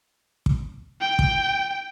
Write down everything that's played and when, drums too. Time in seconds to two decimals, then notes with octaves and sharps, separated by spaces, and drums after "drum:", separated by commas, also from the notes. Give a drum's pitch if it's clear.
0.46 drum: kick
1.01 G5
1.19 drum: kick